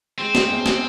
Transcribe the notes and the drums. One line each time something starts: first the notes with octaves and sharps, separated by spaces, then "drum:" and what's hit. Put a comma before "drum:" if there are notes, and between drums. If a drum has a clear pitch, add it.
G#3 C4
C#4, drum: snare
E2
C#4, drum: snare